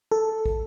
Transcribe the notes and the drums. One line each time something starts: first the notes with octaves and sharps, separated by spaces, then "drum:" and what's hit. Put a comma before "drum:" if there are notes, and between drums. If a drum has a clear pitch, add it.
A4
drum: kick